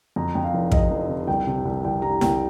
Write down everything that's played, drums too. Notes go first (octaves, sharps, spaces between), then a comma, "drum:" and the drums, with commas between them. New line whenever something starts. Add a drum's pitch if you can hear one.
F2 A#5
F2 G5
F5
F1
C3 D#5, drum: kick
F1
C3
C2 G5
C3
C2
C2 G5
G3 A#5
C2 G5, drum: snare E4